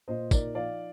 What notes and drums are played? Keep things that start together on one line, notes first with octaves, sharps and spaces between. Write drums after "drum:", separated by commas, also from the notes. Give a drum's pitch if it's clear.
A#2 C5 D#5
D#4 A#4 D5, drum: kick, tambourine
F3 D5 F5